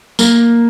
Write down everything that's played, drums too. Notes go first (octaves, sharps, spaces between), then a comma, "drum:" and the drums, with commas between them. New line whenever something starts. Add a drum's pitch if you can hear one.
A#3, drum: tambourine